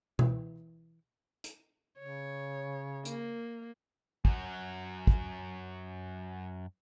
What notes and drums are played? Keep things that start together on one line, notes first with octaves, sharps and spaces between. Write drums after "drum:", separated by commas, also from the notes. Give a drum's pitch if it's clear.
E3, drum: tom B2
drum: hi-hat
C#3 C#5
A#3, drum: hi-hat
F#2 F#3, drum: kick
drum: kick